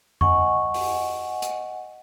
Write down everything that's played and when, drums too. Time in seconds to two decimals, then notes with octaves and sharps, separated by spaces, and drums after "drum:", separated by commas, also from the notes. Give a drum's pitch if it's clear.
0.21 D#5 F#5 G#5 C#6, drum: tom F2
0.74 drum: open hi-hat
1.42 drum: hi-hat